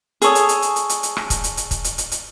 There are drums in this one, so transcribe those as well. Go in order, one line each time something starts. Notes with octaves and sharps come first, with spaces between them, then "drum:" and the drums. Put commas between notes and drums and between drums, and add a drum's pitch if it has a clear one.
G#4 A4 C#5 D#6, drum: hi-hat
drum: hi-hat
drum: hi-hat
drum: hi-hat
drum: hi-hat
drum: hi-hat
drum: hi-hat
drum: rim click
drum: kick, hi-hat
drum: hi-hat
drum: hi-hat
drum: kick, hi-hat
drum: hi-hat
drum: hi-hat
drum: hi-hat